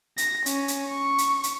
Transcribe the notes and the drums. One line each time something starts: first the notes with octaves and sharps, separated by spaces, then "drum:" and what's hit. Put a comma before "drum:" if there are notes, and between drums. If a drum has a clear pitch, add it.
A#6, drum: hi-hat
C#4, drum: hi-hat
drum: hi-hat
C#6
drum: hi-hat
drum: hi-hat